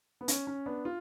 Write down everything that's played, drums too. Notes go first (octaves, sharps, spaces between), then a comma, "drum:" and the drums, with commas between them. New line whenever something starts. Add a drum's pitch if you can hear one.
B3
C#4, drum: hi-hat
C#4
B3 D4
F4